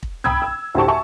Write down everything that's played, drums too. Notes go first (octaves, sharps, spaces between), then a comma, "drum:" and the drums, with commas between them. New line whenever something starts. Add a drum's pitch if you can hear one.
drum: kick
G5 B5 D#6 E6 G#6, drum: tom C2
E6
D2 A2 G4 C5 A5 C#6
E5 G#5 A5 C#6